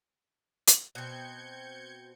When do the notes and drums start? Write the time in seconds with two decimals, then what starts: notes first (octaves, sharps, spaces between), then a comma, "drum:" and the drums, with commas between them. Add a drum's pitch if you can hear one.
0.67 drum: hi-hat
0.95 B2 C4 G6 G#6 C#7